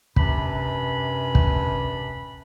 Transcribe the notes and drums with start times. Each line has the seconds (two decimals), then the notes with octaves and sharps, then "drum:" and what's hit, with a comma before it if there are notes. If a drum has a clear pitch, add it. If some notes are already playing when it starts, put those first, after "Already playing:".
0.16 F#2 C3 D4 B4 A5 B5, drum: kick
1.35 drum: kick